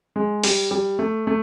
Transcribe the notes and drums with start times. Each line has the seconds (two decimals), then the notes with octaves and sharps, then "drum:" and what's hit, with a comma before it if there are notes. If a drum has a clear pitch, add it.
0.16 G#3
0.44 G3, drum: open hi-hat
0.71 G3
0.99 A3
1.27 A3